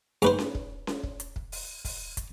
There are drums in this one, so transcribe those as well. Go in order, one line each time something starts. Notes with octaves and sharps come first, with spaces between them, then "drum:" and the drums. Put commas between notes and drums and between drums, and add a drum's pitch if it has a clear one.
G#2 B4 C5, drum: hi-hat
drum: snare C#4
drum: kick
drum: snare C#4
drum: kick
drum: hi-hat
drum: kick
drum: open hi-hat
drum: kick, open hi-hat
drum: kick, hi-hat